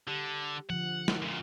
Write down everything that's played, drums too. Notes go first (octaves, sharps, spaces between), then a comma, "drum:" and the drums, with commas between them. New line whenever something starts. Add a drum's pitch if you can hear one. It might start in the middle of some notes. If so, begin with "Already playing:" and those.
D3 G4
D3 F3 F#5
drum: snare
F#2 A#2